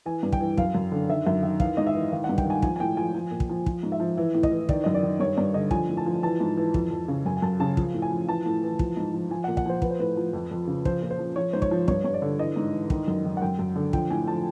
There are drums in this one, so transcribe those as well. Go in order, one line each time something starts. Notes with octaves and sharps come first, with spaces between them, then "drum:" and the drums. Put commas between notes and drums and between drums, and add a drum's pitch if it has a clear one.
E3 G#5
G2
G5, drum: kick
E3
F#2 F5, drum: kick
F#2
D3
D#3 E5
F#2 E5
D#3 E5
E3 F5, drum: kick
G#2 D#5
E5
E3
D#3 F5
F#5
G2
G5, drum: kick
D#3 G#5
F3 G#5, drum: kick
G#5
A2 G5
F3 G#5
F3
A#2
drum: kick
F3
F3, drum: kick
G#2
E5
F3
E3 E5
A2
D#5, drum: kick
E3
D#3 D5, drum: kick
F#2 D#5
D5
D#3
G2 C#5
G2 D5
D3 D#5
F3 G#5, drum: kick
A2
A5
F3
E3 A5
G#2
E3
F2, drum: kick
F2
C#3
F#2 G#5
G#5
F#2 A5
C#3 A5
F3, drum: kick
A2
G#5
F3
E3 A5
A2
E3
F3, drum: kick
G#2
F3
F3 G#5
A#2 F#5
F#5, drum: kick
F3 C5
F3 B4, drum: kick
C5
A2 B4
F3
F2
F2
C#3
F3 C5, drum: kick
A#2
C5
F3
F3 C#5
G#2 C5
C#5, drum: kick
F3
G2 C#5, drum: kick
G2 C#5
D5
D3
E3 D#5
G#2
E3
D#3, drum: kick
F#2
D#3
F#5
F#2 G5
F#2
D3
F3 G5, drum: kick
A2 G#5
F3 A5